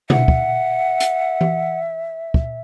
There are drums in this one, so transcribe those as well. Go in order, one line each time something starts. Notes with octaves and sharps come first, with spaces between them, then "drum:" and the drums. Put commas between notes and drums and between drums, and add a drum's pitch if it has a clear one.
E5 F#5, drum: tom B2
drum: kick
drum: hi-hat
drum: tom E3
drum: kick